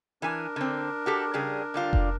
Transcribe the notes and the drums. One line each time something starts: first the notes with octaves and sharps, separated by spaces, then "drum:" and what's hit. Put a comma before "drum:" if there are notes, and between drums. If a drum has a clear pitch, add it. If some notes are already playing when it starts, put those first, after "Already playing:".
E3 D4 A#4 G#5
D3 C4
F#4 G4 A4
C#3 G3 G#4
D3 G3 F4
drum: kick F1